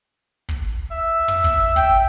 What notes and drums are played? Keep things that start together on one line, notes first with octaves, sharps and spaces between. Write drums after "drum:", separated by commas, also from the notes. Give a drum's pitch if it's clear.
drum: kick
E5
drum: tom
drum: kick
G5, drum: kick